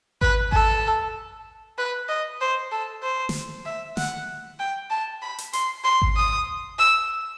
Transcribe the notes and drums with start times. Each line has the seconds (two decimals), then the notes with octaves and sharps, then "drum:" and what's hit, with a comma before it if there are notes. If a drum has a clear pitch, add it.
0.21 B4, drum: kick G#1
0.52 A4, drum: kick G#1
1.78 B4
2.09 D#5
2.41 C5
2.72 A4
3.03 C5
3.29 drum: snare
3.66 E5
3.97 F#5, drum: snare
4.60 G5
4.90 A5
5.22 B5
5.38 drum: hi-hat
5.53 C6, drum: hi-hat
5.84 C6
6.02 drum: kick G#1
6.17 D#6
6.79 E6